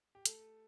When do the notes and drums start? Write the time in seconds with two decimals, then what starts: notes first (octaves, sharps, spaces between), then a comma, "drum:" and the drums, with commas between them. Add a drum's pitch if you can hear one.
0.15 G4
0.26 A3 A4, drum: hi-hat